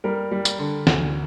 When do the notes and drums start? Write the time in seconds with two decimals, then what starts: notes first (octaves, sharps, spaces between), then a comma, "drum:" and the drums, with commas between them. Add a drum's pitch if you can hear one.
0.04 G3 A#4
0.31 G3
0.45 drum: tambourine
0.59 D3
0.87 D2, drum: snare